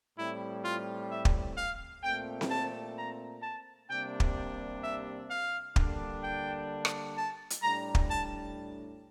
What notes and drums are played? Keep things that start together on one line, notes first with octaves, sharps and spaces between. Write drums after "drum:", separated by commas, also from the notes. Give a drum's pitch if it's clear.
A2 G3 C4 E4
F4
E5
drum: kick
F5
A#2 A3 C4 G5
drum: snare C4
A5
A#5
A5
C3 G3 A#3 D4 G5
drum: kick
E5
F5
D3 G3 A#3 D4, drum: kick
G5
drum: rim click
A5
drum: hi-hat
A2 G3 D4 A#5
drum: kick
A5